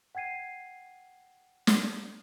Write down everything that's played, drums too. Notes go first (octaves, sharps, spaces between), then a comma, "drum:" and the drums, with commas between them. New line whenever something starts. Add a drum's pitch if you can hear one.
F#5 G5 G#6 C7 D#7
drum: snare